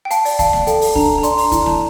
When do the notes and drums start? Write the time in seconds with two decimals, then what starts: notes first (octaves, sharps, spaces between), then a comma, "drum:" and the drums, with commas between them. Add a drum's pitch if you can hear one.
0.05 G5
0.11 F5 A5, drum: hi-hat
0.25 D5, drum: open hi-hat
0.39 F5 A5, drum: kick C#2, hi-hat
0.53 F5, drum: snare A#3
0.67 A4 G5, drum: hi-hat
0.81 drum: open hi-hat
0.96 D4 A#5, drum: kick C#2
1.18 A#5
1.23 D5 C6, drum: hi-hat
1.38 A#5, drum: open hi-hat
1.52 E4 A#5, drum: kick C#2, hi-hat
1.62 A#5
1.66 A5, drum: snare A#3